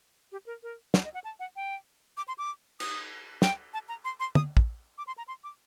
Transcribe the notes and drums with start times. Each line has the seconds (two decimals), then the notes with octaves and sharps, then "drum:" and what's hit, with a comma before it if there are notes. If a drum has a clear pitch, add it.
0.32 G4
0.46 A#4
0.63 A#4
0.94 D5, drum: snare
1.04 D#5
1.14 F#5
1.24 A5
1.40 F#5
1.56 G5
2.17 D6
2.28 C6
2.38 D6
2.80 D#6, drum: cymbal
3.42 G5, drum: snare
3.73 A5
3.89 A#5
4.05 C6
4.20 C6
4.35 D#6, drum: tom
4.57 drum: kick
4.98 D6
5.07 C6
5.18 A#5
5.28 C6
5.44 D6